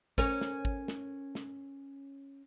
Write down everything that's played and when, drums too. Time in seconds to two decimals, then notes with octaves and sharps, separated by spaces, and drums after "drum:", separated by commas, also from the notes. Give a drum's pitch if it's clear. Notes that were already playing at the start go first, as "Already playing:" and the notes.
0.18 C#4 A#4 C#5, drum: kick
0.41 drum: snare
0.65 drum: kick
0.88 drum: snare
1.35 drum: snare